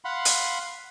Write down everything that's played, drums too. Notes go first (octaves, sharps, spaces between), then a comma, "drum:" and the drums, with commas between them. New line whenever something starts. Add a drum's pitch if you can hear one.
F5 F#5 B5 C6
drum: hi-hat